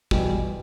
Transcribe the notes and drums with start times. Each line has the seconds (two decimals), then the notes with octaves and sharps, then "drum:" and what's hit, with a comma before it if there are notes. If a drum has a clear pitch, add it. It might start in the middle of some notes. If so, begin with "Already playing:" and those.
0.11 E2 B2 G3, drum: kick